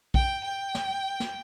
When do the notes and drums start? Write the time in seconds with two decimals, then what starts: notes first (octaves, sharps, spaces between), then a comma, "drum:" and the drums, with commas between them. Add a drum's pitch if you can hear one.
0.14 G5, drum: kick A#1
0.44 G5
0.75 drum: snare
1.20 drum: snare